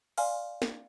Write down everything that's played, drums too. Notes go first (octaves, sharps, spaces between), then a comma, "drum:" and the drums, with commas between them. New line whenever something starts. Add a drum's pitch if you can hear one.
D5 F5 G#5 C6 F6, drum: open hi-hat
drum: snare